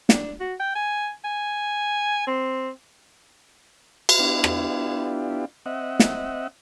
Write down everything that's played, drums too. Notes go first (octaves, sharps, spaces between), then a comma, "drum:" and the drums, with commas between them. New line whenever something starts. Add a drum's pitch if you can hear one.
D4, drum: snare
F#4
G5
G#5
G#5
C4
drum: cymbal
B3 D4 E4 F4 G4
drum: rim click
C4 D#5 E5 F#5
drum: snare